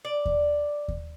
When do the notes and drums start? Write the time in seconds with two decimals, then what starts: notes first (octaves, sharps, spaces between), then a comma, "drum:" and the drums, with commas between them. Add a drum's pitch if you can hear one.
0.05 D5
0.25 drum: kick D#2
0.88 drum: kick D#2